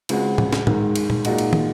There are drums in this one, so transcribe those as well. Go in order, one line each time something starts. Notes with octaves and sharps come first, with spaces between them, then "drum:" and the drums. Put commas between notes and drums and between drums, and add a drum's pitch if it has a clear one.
C#2 C#3 G#3 C4 F#4, drum: cymbal
drum: tom A2
drum: snare
G#2 D#3 G#3, drum: tom A2
drum: cymbal
drum: tom
A#2 G#3 D#4 F#4, drum: cymbal
drum: cymbal
drum: tom